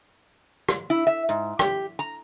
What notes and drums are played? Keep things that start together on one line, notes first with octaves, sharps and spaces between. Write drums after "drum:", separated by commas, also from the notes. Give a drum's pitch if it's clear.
drum: rim click
E4
E5
G#2
G4, drum: rim click
A#5